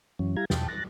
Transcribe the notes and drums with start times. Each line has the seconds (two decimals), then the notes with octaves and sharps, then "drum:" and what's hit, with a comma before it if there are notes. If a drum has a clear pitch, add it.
0.19 F#2 E3 F#3 C#4
0.37 G3 E4 G4 F5 A#5 G#6
0.50 E2 B2 G5 A5, drum: snare
0.68 F#6 A6 A#6